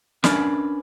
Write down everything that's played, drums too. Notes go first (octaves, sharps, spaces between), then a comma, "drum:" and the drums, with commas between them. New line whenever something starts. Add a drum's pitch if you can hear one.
C#4 D4 A#4 B4 C#5 D5, drum: snare